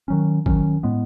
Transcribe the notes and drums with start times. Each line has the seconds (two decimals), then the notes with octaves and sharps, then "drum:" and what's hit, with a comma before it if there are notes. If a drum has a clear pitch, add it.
0.08 D#3 F#3 C#4
0.46 D#3 F#3 C#4, drum: kick G#1
0.83 A2 G#3 B3